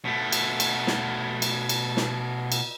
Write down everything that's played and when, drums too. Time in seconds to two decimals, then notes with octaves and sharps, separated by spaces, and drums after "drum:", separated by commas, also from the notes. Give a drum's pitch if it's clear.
0.05 B2 A3
0.32 drum: cymbal
0.60 drum: cymbal
0.87 drum: snare
1.42 drum: cymbal
1.69 drum: cymbal
1.97 drum: snare
2.52 drum: cymbal